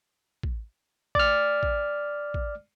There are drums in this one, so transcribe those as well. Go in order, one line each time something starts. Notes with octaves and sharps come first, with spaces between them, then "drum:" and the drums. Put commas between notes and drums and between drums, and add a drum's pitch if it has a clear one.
drum: kick
D5 F6, drum: kick
drum: kick
drum: kick